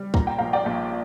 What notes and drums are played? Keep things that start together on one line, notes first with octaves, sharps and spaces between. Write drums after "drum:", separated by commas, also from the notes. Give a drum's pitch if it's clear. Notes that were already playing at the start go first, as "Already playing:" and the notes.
Already playing: G3
A#2 A#5, drum: kick
G5
A#1 F5 A#5
D5 G5
A#1